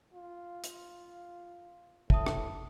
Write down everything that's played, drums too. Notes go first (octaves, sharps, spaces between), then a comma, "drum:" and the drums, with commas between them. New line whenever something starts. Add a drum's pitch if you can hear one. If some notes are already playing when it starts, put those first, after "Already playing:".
F4
drum: hi-hat
A2 E5 A5 D#6, drum: kick
drum: rim click